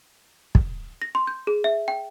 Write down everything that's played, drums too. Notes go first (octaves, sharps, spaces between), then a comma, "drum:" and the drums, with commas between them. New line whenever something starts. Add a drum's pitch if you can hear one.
drum: kick
A#6
C6
G6
G#4
E5
G5